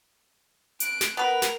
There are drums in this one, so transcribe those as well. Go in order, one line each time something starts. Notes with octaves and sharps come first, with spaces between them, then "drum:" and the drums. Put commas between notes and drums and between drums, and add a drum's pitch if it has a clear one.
F#6 D7, drum: hi-hat
drum: snare
B3 A#4 B4 F7
drum: snare